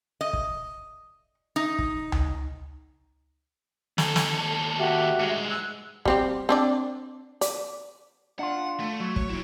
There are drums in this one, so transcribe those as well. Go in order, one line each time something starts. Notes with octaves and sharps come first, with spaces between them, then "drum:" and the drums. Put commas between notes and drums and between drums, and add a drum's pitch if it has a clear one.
D#5
drum: kick
D#4
drum: kick
drum: tom C#2
D#2 A4, drum: snare
drum: snare
F#4 G4 E5
G2 G#3
E6 F#6
G3 C4 G4, drum: kick
C4 D4 D5
D5, drum: hi-hat
D4 F4 F#5
A3
F#3
C#5, drum: kick
A#3 E4